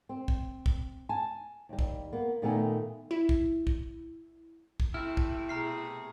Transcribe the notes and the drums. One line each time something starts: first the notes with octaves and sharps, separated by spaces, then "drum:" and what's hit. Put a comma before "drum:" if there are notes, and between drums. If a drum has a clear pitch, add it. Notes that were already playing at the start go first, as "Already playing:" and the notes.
C4
drum: kick
drum: kick
G#5 A5
D#2 G3
drum: kick
A#3 B3
A#2 D#3 A3 B3 G4 G#5
E4
drum: kick
drum: kick
drum: kick
C3 A3 E4 F6
drum: kick
B2 G#4 A#5 F6 C7